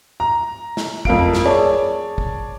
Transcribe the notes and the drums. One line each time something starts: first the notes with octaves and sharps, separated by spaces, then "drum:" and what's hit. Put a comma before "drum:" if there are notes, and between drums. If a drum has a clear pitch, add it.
A#5
drum: snare
F2 A#4 F5 D7, drum: kick
drum: snare
G#4 C#5 D5 A5
drum: kick